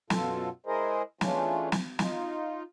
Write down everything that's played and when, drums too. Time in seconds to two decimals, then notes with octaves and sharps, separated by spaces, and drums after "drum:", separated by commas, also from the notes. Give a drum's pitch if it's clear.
0.10 F#2 B2 F4 A4, drum: snare
0.66 G#3 E4 G#4 A#4 C5 D#5
1.21 E3 G#3 A3 C#4 D4 F4, drum: snare
1.72 drum: snare
1.99 D#4 F4, drum: snare